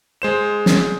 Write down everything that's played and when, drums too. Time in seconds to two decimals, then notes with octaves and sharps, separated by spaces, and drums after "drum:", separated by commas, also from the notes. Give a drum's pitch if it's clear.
0.22 G#3 C5 E7
0.66 drum: snare